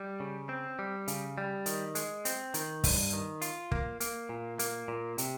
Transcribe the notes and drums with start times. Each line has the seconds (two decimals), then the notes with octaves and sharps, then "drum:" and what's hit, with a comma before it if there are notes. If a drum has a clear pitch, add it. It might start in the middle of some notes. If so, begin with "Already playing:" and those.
Already playing: G3
0.20 C#3
0.49 C4
0.79 G3
1.08 C#3, drum: hi-hat
1.38 G3
1.66 D#3, drum: hi-hat
1.95 G#3, drum: hi-hat
2.25 C4, drum: hi-hat
2.54 D#3, drum: hi-hat
2.84 G2, drum: kick, open hi-hat
3.13 D#3
3.42 F4, drum: hi-hat
3.72 A#3, drum: kick
4.00 A#3, drum: hi-hat
4.29 A#2
4.59 A#3, drum: hi-hat
4.88 A#2
5.18 C3, drum: hi-hat